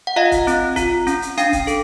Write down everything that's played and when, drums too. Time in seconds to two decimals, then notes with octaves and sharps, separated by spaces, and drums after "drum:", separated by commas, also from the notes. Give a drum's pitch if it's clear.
0.07 F#5
0.16 F4 D#5 F5
0.32 drum: kick C#1, hi-hat
0.47 C4, drum: hi-hat
0.76 F4, drum: kick C#1, hi-hat
1.07 C#4, drum: hi-hat
1.22 drum: hi-hat
1.38 D4 F5 G5, drum: hi-hat
1.52 drum: kick C#1, hi-hat
1.67 A4, drum: hi-hat